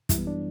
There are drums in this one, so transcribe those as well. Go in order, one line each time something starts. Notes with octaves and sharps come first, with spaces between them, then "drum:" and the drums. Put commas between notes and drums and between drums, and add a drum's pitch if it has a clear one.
F#2 E3 G3 E4, drum: kick, hi-hat
B3
D4